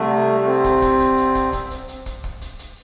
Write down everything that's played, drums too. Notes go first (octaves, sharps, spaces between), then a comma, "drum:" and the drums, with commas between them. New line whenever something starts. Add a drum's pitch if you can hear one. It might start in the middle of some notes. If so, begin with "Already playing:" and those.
Already playing: C2 C3 G3 A3
A3
C4
drum: kick, hi-hat
drum: kick, hi-hat
drum: hi-hat
drum: hi-hat
drum: kick, hi-hat
drum: kick, hi-hat
drum: hi-hat
drum: hi-hat
drum: kick, hi-hat
drum: kick
drum: hi-hat
drum: hi-hat